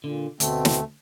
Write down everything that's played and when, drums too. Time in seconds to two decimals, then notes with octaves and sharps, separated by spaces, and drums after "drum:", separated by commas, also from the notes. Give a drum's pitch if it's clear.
0.04 A#2 D3
0.40 D2 B2 A3 C4, drum: hi-hat
0.65 drum: snare